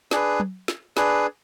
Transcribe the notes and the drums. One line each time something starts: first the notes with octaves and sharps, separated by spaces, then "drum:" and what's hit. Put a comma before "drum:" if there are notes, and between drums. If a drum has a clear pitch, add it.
D4 G#4 B4, drum: snare
drum: tom F#3
drum: snare
D4 G#4 B4, drum: snare